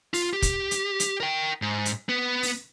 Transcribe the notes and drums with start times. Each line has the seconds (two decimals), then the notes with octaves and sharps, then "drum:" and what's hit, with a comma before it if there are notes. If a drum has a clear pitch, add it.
0.14 F4, drum: open hi-hat
0.33 G4
0.42 drum: kick, hi-hat
0.71 drum: hi-hat
1.00 drum: hi-hat
1.20 A#4 G5
1.62 G#2
1.85 drum: hi-hat
2.09 B3
2.43 drum: open hi-hat